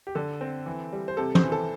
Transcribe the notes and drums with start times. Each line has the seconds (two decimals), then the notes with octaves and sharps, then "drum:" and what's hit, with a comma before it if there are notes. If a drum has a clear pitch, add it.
0.07 G4
0.15 D3 A4
0.41 C4
0.66 E3
0.93 G3
1.08 C5
1.17 C3 A4
1.35 C5, drum: tom
1.43 E3
1.52 A4